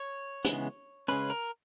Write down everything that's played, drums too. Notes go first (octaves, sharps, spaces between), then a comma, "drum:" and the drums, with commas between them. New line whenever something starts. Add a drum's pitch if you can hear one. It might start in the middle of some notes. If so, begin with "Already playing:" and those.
Already playing: C#5
C#3 E3 G#3 B3, drum: hi-hat
C#3 G#3 C#4 B4
A#4